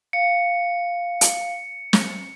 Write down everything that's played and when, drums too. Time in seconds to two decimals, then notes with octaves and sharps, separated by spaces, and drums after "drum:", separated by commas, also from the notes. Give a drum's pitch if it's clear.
0.13 F5 C#7
1.21 drum: hi-hat
1.93 drum: snare